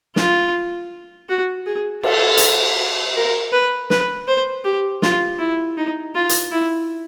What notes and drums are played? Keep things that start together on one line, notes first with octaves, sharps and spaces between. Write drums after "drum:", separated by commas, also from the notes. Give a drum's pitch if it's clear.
F4, drum: snare
F#4
G#4
A4, drum: cymbal
drum: hi-hat
A#4
B4
B4, drum: snare
C5
G4
F4, drum: snare
E4
D#4
F4
drum: hi-hat
E4